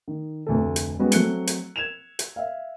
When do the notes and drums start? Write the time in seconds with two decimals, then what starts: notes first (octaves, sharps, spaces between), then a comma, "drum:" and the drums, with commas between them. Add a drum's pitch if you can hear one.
0.08 D#3
0.47 F1 D2 A4
0.76 drum: hi-hat
0.99 G3 G#3 B3 C#4 F#4
1.12 F#3 A3 C4 F#6 C#7 G7, drum: hi-hat
1.47 drum: hi-hat
1.76 G#6 E7 F7
2.19 drum: hi-hat
2.36 E5 F5